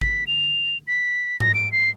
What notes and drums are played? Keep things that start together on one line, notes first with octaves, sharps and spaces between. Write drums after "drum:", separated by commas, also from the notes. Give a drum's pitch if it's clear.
B6, drum: kick
F7
B6
A#6, drum: tom G#2
D7
C7